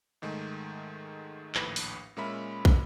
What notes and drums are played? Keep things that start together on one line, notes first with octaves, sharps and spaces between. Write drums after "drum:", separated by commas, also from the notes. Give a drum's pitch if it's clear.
G#2 D#3 G#3 A3
A#1 D#2 A2 B4 A#6, drum: clap
drum: open hi-hat
A#2 G#3 C#4 A#4 E5 B5
drum: kick